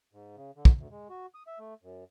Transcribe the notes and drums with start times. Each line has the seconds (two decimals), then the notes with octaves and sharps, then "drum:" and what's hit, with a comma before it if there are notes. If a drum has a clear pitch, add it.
0.13 G#2
0.37 C#3
0.56 D3
0.65 drum: kick
0.78 D2
0.91 G#3
1.10 F#4
1.35 D#6
1.47 E5
1.59 A3
1.83 F#2